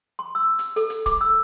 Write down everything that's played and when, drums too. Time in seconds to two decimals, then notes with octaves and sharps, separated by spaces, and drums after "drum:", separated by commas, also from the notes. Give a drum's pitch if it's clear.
0.19 C6
0.35 E6
0.59 drum: hi-hat
0.76 A4, drum: hi-hat
0.90 drum: hi-hat
1.06 D6, drum: kick, hi-hat
1.21 E6